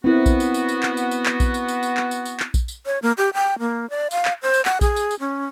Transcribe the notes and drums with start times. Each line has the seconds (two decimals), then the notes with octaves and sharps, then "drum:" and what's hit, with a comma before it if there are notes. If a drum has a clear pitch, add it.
0.04 B3 C4 E4 F#4 A#4
0.26 drum: kick A#1, tambourine
0.40 drum: tambourine
0.54 drum: tambourine
0.69 drum: tambourine
0.83 drum: clap
0.97 drum: tambourine
1.11 drum: tambourine
1.26 drum: clap
1.40 drum: kick A#1, tambourine
1.54 drum: tambourine
1.68 drum: tambourine
1.83 drum: tambourine
1.97 drum: clap
2.11 drum: tambourine
2.25 drum: tambourine
2.40 drum: clap
2.54 drum: kick A#1, tambourine
2.68 drum: tambourine
2.86 C#5
3.02 A#3
3.18 G4
3.34 G5
3.59 A#3
3.90 D5
4.11 F5, drum: tambourine
4.25 drum: clap
4.43 C5
4.54 drum: tambourine
4.65 F#5, drum: clap
4.81 G#4, drum: kick A#1, tambourine
4.96 drum: tambourine
5.11 drum: tambourine
5.20 C#4